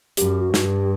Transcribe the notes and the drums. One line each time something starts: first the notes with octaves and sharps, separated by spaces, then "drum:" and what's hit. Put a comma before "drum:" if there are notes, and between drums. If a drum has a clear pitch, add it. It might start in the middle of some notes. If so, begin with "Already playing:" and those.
F#2 G4, drum: hi-hat
F#4
G2, drum: snare
G4